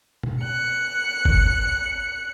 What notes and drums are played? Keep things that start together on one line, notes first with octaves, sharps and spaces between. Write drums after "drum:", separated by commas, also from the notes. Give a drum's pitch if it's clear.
drum: tom
F#6 C#7
drum: kick G1